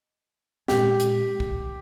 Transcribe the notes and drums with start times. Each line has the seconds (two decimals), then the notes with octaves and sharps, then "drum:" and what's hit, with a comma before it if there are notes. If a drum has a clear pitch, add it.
0.68 A#2 G#3 C#4 G4, drum: snare
1.00 drum: hi-hat
1.40 drum: kick